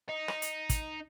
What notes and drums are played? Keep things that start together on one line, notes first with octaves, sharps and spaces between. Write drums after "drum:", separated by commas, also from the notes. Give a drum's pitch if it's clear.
D#4
drum: rim click
drum: hi-hat
drum: kick, hi-hat